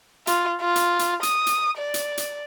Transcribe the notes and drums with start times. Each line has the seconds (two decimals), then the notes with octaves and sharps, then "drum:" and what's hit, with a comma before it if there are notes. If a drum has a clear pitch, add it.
0.27 F4, drum: hi-hat
0.61 F4
0.76 drum: hi-hat
0.99 drum: hi-hat
1.23 D#6, drum: hi-hat
1.47 drum: hi-hat
1.78 D5
1.94 drum: hi-hat
2.17 drum: hi-hat